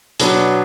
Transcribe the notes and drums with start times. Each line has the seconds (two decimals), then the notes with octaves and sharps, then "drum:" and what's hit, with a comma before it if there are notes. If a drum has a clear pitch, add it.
0.20 B2 F#3 B3 D4, drum: hi-hat